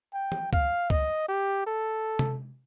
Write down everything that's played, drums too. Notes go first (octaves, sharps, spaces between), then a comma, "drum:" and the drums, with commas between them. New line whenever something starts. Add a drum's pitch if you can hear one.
G5
drum: tom
F5, drum: kick C#2
D#5, drum: kick C#2
G4
A4
drum: tom C3